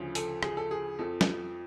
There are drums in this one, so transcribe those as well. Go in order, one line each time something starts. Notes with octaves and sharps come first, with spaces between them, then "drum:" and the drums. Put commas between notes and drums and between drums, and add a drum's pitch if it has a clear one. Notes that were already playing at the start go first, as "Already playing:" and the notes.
Already playing: D2 C#3 F3
A4, drum: hi-hat
G#4, drum: rim click
A4
G#4
F2 F3 A4
drum: snare